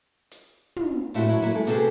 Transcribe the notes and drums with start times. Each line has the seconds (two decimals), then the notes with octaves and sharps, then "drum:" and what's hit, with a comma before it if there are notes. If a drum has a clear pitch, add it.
0.31 drum: hi-hat
0.76 drum: tom
1.14 A2 A3 C4 E4 F#4 G4
1.28 F#3 E4
1.42 F#3 A#3 E4
1.54 G#3 A4
1.67 C3 C4 F#4 G#4 A4 B4, drum: hi-hat